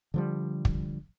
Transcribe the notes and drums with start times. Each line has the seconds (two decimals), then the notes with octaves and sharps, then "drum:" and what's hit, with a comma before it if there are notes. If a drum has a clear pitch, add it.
0.14 D3 F3 G3
0.65 drum: kick